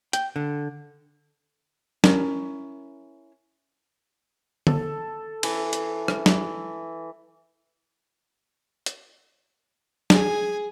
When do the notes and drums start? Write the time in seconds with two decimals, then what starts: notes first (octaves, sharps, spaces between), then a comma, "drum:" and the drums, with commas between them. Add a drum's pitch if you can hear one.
0.13 G5, drum: hi-hat
0.36 D3
2.04 C#4 E4 A#4, drum: snare
4.67 A4, drum: tom D3
5.43 E3, drum: cymbal
5.73 drum: hi-hat
6.08 drum: rim click
6.26 E3, drum: snare
8.86 drum: hi-hat
10.10 G#4 G#5, drum: snare